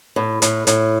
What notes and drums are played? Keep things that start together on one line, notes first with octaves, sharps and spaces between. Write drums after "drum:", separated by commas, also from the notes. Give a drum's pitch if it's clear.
A2
A2, drum: hi-hat
A2, drum: hi-hat